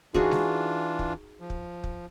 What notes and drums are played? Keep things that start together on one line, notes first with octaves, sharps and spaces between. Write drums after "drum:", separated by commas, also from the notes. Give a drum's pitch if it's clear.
E3 D4 D#4 F4 F#4 G#4, drum: kick
drum: snare
drum: kick
F3
drum: kick
drum: kick